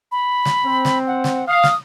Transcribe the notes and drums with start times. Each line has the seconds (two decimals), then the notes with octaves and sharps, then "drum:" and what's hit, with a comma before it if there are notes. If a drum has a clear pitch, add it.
0.12 B5
0.45 drum: snare
0.65 C4
0.85 drum: snare
1.07 F#5
1.24 drum: snare
1.47 F5 D#6
1.63 drum: snare